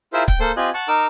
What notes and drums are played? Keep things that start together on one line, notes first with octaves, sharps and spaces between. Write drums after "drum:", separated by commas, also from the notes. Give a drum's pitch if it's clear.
E4 F4 G#4 A#4 C5 E5
G5, drum: kick C#1
A#3 A4 C5 C6
C4 F4 G4 D#5 G#5 F#6
F#5 A5 C#6
D#4 A#4 D6 E6